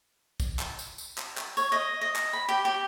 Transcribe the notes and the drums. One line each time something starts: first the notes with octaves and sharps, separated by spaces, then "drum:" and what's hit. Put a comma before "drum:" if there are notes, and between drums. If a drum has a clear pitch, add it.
drum: kick, tambourine
drum: clap
drum: tambourine
drum: tambourine
drum: clap
drum: clap
C#5, drum: tambourine
D#5
D#5
drum: clap
B5
G4
G4